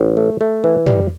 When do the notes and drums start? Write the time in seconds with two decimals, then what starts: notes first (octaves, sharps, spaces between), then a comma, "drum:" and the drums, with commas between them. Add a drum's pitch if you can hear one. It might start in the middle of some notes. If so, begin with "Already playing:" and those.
Already playing: A1
0.17 A3
0.41 A3
0.64 E3
0.86 G3, drum: tom